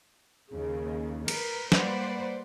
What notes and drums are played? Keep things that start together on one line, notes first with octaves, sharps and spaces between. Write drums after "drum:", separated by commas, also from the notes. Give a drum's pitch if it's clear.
D#2 C#3
A#4 B4, drum: cymbal
G3 A#3 B4 C5 D5 F#5, drum: snare